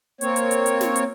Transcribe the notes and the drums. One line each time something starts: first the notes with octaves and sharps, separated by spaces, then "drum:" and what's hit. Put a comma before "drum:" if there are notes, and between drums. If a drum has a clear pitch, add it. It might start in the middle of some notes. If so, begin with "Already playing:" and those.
A#3 C4 C#5, drum: hi-hat
drum: hi-hat
drum: hi-hat
drum: hi-hat
drum: snare
drum: hi-hat